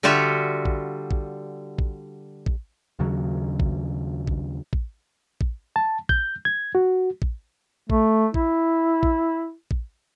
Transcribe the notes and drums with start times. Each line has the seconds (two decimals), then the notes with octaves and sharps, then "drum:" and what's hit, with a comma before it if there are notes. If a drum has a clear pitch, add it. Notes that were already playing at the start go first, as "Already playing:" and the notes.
0.03 D3 G3 F4 F#4 E5
0.65 drum: kick
1.11 drum: kick
1.78 drum: kick
2.46 drum: kick
2.99 D#2 C#3 F#3
3.60 drum: kick
4.27 drum: kick
4.73 drum: kick
5.41 drum: kick
5.76 A5
6.09 G6, drum: kick
6.45 G#6
6.75 F#4
7.22 drum: kick
7.90 A3, drum: kick
8.34 E4, drum: kick
9.03 drum: kick
9.71 drum: kick